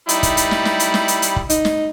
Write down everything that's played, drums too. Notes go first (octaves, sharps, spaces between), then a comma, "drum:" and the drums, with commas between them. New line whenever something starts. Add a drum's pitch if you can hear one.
G3 D#4 E4, drum: hi-hat
drum: kick, hi-hat
drum: hi-hat
drum: snare
drum: snare
drum: hi-hat
drum: snare
drum: hi-hat
drum: hi-hat
drum: kick
D#4, drum: hi-hat
drum: snare